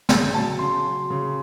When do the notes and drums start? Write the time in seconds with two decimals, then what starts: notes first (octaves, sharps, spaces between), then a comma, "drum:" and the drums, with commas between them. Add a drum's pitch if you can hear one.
0.09 C#3, drum: snare
0.33 F#3 A5
0.59 C#3 C6
0.85 F#3
1.10 C#3